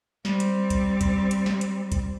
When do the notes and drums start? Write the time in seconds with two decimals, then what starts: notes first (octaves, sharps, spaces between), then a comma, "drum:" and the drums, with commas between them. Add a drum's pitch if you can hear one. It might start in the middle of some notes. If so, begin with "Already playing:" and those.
0.25 G3 C4, drum: snare
0.40 drum: hi-hat
0.70 drum: kick C2, hi-hat
1.01 drum: kick C2, hi-hat
1.31 drum: hi-hat
1.46 drum: snare
1.61 drum: hi-hat
1.92 drum: kick C2, hi-hat